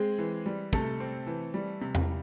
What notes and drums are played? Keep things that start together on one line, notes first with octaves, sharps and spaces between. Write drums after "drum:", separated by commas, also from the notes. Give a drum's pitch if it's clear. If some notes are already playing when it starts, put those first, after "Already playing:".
Already playing: G#3 C4 G#4
E3
G3
C3 A3 A4, drum: kick
C4
E3
G3
C3
drum: tom E2